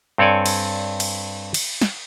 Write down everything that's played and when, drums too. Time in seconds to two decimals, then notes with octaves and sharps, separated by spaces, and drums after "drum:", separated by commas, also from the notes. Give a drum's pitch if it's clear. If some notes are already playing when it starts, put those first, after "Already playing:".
0.18 G2 C4 A4 C#5 D5 G#5
0.46 drum: cymbal
1.00 drum: cymbal
1.54 drum: cymbal
1.82 drum: snare